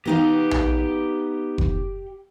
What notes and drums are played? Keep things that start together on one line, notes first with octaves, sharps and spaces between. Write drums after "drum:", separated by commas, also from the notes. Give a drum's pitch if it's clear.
B3 D#4 G4 F5 G5
drum: tom A#1
drum: kick F1